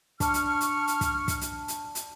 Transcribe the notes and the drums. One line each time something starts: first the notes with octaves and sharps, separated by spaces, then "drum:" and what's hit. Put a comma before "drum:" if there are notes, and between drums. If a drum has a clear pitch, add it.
D4 C#6 F6, drum: kick, hi-hat
drum: hi-hat
drum: hi-hat
drum: hi-hat
drum: kick, hi-hat
drum: kick, hi-hat
drum: hi-hat
drum: hi-hat
drum: hi-hat